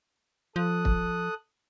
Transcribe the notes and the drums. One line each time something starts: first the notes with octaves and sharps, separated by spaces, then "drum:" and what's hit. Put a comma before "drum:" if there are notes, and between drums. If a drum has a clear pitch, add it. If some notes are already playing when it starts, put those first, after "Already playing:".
F3 A4 D#6 F#6
drum: kick